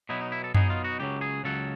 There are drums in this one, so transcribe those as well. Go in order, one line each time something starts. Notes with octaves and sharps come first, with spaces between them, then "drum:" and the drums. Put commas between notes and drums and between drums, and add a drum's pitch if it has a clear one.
B2 F#3 B3 D#4 E4
D#4
E4
A4
B2 F#3 B3 D#4 G#4, drum: tom F#2
F4
F#4
C#2 C#3 F#3 G4
G#4
C#2 C#3 F#3 A4